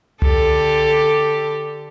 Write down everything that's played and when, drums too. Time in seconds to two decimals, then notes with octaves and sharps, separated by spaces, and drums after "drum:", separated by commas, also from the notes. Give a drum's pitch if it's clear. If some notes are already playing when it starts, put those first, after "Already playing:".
0.22 D3 G4 A4, drum: tom C2